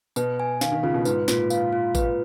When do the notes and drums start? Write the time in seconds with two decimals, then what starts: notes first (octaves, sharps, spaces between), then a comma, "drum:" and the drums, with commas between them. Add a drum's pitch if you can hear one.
0.16 B2 B4, drum: tambourine
0.40 G#5
0.61 D#3 F5, drum: snare
0.72 D#3
0.83 C#3 F4
0.94 B2
1.05 G#2 B4, drum: tambourine
1.28 A#2 F4, drum: snare
1.50 F5, drum: tambourine
1.73 F4
1.95 B4, drum: kick A1, tambourine